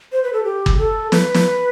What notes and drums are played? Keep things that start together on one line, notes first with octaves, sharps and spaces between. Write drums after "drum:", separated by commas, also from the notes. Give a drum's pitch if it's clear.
C5
B4
A4
G4
drum: kick G1
A4
B4, drum: snare
drum: snare